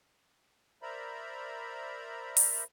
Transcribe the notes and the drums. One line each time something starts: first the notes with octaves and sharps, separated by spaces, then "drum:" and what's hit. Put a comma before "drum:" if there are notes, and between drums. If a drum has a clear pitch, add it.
A#4 C5 D5 E5 A#5 B5
drum: open hi-hat